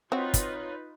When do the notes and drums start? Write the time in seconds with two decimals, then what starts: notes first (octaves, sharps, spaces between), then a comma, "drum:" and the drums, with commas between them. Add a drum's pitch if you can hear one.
0.12 C4 D#4 F4 F#4 B4 C#5
0.34 drum: kick, hi-hat